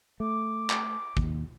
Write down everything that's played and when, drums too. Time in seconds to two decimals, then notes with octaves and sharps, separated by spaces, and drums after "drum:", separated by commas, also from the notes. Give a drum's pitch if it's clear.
0.20 A3 D6
0.70 drum: clap
1.17 D#2, drum: kick